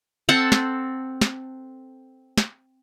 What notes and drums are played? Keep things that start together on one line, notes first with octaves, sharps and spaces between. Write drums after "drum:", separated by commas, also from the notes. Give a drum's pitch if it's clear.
C4 A4 F#5
drum: snare
drum: snare
drum: snare